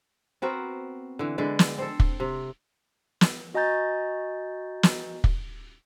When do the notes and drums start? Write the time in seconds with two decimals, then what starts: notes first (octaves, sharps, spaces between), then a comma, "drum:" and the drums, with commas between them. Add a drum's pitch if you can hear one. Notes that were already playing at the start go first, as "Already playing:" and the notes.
0.42 B3 C4 F#4 A#4
1.19 D3 E3
1.38 D3 G#3 B4 D5
1.59 drum: snare
1.78 C4 A4
2.00 drum: kick
2.20 C3
3.21 drum: snare
3.54 F#4 D#5 G#5 A#5 G6 A6
4.83 drum: snare
5.24 drum: kick